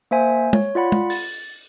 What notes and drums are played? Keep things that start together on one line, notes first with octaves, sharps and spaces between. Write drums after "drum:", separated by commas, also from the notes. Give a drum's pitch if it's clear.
A#3 C5 E5 G#5
C#5, drum: tom
F4 D5 F#5 B5
drum: tom
A6, drum: open hi-hat